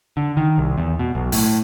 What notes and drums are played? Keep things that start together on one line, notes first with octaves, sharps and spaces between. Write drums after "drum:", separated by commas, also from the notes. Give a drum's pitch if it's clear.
D3
D#3
C2
E2
B2
B1
A2, drum: open hi-hat